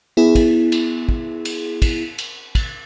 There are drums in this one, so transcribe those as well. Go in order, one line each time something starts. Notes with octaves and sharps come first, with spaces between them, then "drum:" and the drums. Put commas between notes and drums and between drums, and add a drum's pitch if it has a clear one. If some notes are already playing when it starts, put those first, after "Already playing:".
B3 E4 G#4
drum: kick, cymbal
drum: cymbal
drum: kick
drum: cymbal
drum: kick, cymbal
drum: cymbal
drum: kick, cymbal